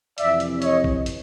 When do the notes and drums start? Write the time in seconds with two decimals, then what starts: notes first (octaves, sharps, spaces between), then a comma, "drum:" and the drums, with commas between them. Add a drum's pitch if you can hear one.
0.18 F2 C3 E3 D5 E5, drum: hi-hat
0.40 drum: hi-hat
0.62 C#5 D#5, drum: hi-hat
0.84 drum: kick
1.06 drum: hi-hat